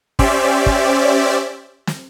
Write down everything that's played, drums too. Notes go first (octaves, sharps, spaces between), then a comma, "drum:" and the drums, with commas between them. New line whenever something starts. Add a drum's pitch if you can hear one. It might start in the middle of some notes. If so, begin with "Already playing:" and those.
C#4 G4 C5 D5 E5, drum: kick
drum: kick
drum: snare